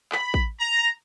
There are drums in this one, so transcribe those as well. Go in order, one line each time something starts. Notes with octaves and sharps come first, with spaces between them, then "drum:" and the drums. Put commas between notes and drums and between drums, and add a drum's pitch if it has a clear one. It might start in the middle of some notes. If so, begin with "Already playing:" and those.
B5, drum: clap
drum: kick
A#5